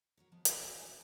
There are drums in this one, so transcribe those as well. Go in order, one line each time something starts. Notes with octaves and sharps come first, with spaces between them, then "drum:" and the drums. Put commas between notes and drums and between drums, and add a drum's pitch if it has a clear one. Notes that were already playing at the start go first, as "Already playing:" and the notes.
F#3 A#4 C#5
F3 G#3 B3
G#3 A3, drum: hi-hat
F#4 G#4 C5 C#5 E5 F5
E5 G#5